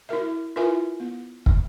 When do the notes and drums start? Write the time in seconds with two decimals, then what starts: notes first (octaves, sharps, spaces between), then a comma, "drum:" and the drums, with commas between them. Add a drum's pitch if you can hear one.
0.09 E4 F#4 A#4 E5
0.56 E4 F4 A#4 B4 E5 G#5
1.00 B3
1.46 drum: kick